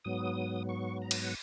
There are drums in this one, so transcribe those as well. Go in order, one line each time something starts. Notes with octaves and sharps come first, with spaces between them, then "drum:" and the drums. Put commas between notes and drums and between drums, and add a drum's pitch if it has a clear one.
G#2 F#3 B3 D#6
C#6
A#5
drum: cymbal
F#5